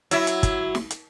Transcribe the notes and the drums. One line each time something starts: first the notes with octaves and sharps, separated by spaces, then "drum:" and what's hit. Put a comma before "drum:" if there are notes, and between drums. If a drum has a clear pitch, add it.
F#3 E4, drum: hi-hat
drum: hi-hat
drum: kick, hi-hat
drum: snare
drum: hi-hat